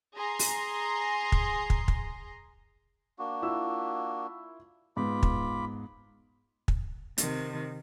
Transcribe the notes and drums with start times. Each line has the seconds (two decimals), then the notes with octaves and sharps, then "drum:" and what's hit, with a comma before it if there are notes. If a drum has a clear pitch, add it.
0.15 G#4 A#5 C6
0.39 drum: open hi-hat
1.32 drum: kick
1.70 drum: kick
1.88 drum: kick
3.19 A#3 D4 F#4
3.42 E4 F4 E6
4.97 G#2 B3 F4 B5 D6
5.23 drum: kick
6.68 drum: kick
7.18 C3 D#3, drum: hi-hat